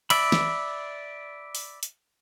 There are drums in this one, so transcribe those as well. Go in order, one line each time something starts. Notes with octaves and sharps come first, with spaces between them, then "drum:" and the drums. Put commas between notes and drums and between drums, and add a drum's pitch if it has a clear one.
D5 E5 B5, drum: cymbal
drum: snare
drum: open hi-hat
drum: hi-hat